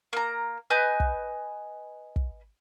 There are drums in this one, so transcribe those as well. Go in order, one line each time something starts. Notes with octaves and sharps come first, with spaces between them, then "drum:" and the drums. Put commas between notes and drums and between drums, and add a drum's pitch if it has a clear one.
A#3 A#5
B4 D#5 G#5 G6
drum: kick
drum: kick